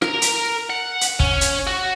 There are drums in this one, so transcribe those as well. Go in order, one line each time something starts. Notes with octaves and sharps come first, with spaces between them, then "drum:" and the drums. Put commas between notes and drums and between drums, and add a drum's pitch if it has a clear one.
A#4 A#5, drum: rim click
drum: hi-hat
F#5
drum: hi-hat
C#4, drum: kick
drum: hi-hat
F#4